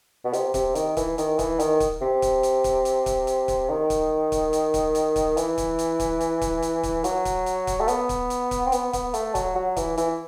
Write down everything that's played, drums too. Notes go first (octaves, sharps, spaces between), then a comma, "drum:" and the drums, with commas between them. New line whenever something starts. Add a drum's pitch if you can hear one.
B2
C3, drum: hi-hat
C3, drum: kick, hi-hat
D#3, drum: hi-hat
E3, drum: kick, hi-hat
D#3, drum: hi-hat
E3, drum: kick, hi-hat
D#3, drum: hi-hat
drum: kick, hi-hat
C3
drum: kick, hi-hat
drum: hi-hat
drum: kick, hi-hat
drum: hi-hat
drum: kick, hi-hat
drum: hi-hat
drum: kick, hi-hat
D#3
drum: kick, hi-hat
drum: kick, hi-hat
drum: hi-hat
drum: kick, hi-hat
drum: hi-hat
drum: kick, hi-hat
E3, drum: hi-hat
drum: kick, hi-hat
drum: hi-hat
drum: kick, hi-hat
drum: hi-hat
drum: kick, hi-hat
drum: hi-hat
drum: kick, hi-hat
F#3, drum: hi-hat
drum: kick, hi-hat
drum: hi-hat
drum: kick, hi-hat
A3
B3, drum: hi-hat
drum: kick, hi-hat
drum: hi-hat
drum: kick, hi-hat
C4
B3, drum: hi-hat
B3, drum: kick, hi-hat
A3, drum: hi-hat
F#3, drum: kick, hi-hat
F#3
E3, drum: kick, hi-hat
E3, drum: hi-hat